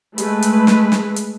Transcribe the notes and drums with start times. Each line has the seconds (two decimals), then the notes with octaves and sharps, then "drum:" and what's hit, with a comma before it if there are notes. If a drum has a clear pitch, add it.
0.18 G#3 A3 B4, drum: hi-hat
0.42 drum: hi-hat
0.67 drum: snare
0.92 drum: snare
1.16 drum: hi-hat